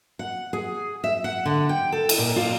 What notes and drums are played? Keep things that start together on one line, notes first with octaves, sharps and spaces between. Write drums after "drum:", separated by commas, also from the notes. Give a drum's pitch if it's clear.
F#5
G#4
E5
F#5
D3
G5
A4
drum: cymbal
A#2
F4